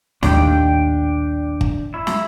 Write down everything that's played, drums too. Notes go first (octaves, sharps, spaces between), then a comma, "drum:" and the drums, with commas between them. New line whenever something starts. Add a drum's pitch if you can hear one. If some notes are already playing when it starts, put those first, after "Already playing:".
A#1 D#2 A2 D4 G5, drum: snare
drum: kick
E4
drum: snare